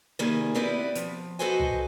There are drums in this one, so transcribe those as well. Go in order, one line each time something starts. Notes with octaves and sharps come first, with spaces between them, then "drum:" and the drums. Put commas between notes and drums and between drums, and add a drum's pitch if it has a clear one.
C3 D#3 G3 A#3 G#4 G#5
G3 B3 C4 E4 B4 D5
F3, drum: hi-hat
F#4 A4 B4 C5 D#5 G#5
drum: tom